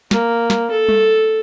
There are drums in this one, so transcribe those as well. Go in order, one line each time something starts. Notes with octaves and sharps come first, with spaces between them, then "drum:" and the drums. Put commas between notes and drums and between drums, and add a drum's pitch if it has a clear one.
A#3, drum: snare
drum: snare
A4
drum: tom G3